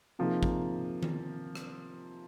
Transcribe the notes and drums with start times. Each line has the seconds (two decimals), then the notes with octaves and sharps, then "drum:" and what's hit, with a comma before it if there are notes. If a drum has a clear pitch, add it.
0.19 C3 F3 A#3 D#4 G#4
0.43 drum: kick
1.03 drum: tom D#3
1.55 drum: rim click